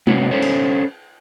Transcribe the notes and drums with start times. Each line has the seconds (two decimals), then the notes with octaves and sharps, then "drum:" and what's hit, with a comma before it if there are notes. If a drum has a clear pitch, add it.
0.07 C3 A#3 B3 C#4 F#4, drum: tom G#3
0.31 C#4 D4 A4 C5 C#5
0.42 drum: cymbal